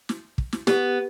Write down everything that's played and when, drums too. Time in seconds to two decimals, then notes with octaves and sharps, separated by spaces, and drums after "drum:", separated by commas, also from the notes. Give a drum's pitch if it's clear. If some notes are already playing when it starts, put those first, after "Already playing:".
0.09 drum: snare
0.38 drum: kick
0.53 drum: snare
0.67 B3 G4, drum: snare